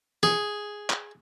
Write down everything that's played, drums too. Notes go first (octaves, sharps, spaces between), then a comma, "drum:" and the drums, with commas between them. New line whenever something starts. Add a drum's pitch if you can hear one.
G#4, drum: snare
drum: clap